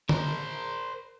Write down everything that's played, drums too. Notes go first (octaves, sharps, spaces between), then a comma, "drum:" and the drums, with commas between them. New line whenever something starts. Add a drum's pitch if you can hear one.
A#4 C5, drum: tom D3